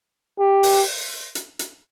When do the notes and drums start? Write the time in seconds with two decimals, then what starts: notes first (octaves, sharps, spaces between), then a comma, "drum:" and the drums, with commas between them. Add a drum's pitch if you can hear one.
0.40 G4
0.63 drum: open hi-hat
1.35 drum: hi-hat
1.59 drum: hi-hat